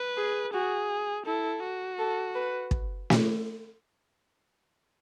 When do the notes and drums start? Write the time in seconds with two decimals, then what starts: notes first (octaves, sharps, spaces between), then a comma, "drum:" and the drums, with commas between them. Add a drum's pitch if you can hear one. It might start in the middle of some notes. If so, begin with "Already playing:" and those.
Already playing: B4
0.17 G#4
0.53 F#4 G#4
1.26 E4 A4
1.63 F#4
1.99 A4
2.35 B4
2.71 drum: kick
3.10 drum: snare